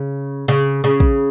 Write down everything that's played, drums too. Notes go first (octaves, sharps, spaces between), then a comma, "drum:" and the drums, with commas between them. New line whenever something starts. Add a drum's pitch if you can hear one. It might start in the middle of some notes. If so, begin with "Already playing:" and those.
Already playing: C#3
C#3
C#3
drum: kick